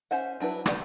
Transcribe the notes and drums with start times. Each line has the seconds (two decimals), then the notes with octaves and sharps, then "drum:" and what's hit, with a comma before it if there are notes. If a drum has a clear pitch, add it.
0.11 C#4 C5 E5 F#5
0.40 F#3 D4 E4 B4
0.66 G4 B4 D5 D#5 G5, drum: rim click